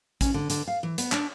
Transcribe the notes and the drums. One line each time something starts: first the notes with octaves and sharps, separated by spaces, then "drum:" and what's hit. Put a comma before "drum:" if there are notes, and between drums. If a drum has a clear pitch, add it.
C#4, drum: kick, hi-hat
D3
D3, drum: hi-hat
F5
E3
B3, drum: hi-hat
D4, drum: clap